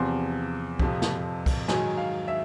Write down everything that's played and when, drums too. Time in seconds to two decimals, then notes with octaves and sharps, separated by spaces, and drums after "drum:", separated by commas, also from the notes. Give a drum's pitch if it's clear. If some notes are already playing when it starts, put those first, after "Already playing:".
Already playing: E2 C3 F3 C6
0.79 F2 C3 F3, drum: kick
1.02 drum: snare
1.46 drum: kick, cymbal
1.68 G#2 D#3 F#3 G#5, drum: snare
1.98 F5
2.28 E5